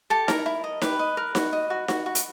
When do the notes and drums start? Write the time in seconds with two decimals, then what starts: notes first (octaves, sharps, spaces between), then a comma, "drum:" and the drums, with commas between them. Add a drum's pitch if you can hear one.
0.10 G4 A4 A5
0.28 E4 A#4 A#5, drum: snare D#4
0.46 E4
0.64 D#5
0.81 G4 B4 B5, drum: snare D#4
0.99 D#5
1.17 A#4
1.35 F#4, drum: snare D#4
1.53 D#5
1.70 F#4
1.88 F#4, drum: snare D#4
2.06 F#4
2.15 drum: hi-hat